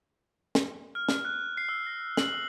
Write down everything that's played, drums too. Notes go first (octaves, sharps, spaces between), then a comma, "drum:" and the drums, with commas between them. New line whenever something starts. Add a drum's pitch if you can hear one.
drum: snare
F6
drum: snare
F#6
C7
E6
A#6
F#7, drum: snare
E6